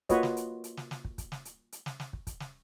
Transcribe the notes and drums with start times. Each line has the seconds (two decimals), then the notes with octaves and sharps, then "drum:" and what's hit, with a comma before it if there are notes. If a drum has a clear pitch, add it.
0.09 A#3 F4 F#4 B4 C#5 D#5, drum: kick, hi-hat
0.23 drum: snare
0.37 drum: hi-hat
0.64 drum: hi-hat
0.77 drum: snare
0.91 drum: snare
1.05 drum: kick
1.18 drum: kick, hi-hat
1.32 drum: snare
1.45 drum: hi-hat
1.72 drum: hi-hat
1.86 drum: snare
2.00 drum: snare
2.13 drum: kick
2.27 drum: kick, hi-hat
2.40 drum: snare